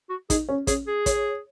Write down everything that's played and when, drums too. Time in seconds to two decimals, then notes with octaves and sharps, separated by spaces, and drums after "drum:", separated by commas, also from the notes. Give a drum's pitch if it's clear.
0.10 F#4
0.30 D#4 G#4, drum: kick, hi-hat
0.49 C#4
0.67 C#4 G#4, drum: kick, hi-hat
0.87 G#4
1.06 C#5, drum: kick, hi-hat